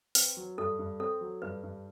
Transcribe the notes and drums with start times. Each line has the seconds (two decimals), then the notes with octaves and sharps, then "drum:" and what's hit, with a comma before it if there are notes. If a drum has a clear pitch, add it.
0.15 C4 B4, drum: open hi-hat
0.37 F#3
0.58 G2 A4
0.79 G2
1.00 C4 A4
1.21 F#3
1.42 G2 B4
1.63 G2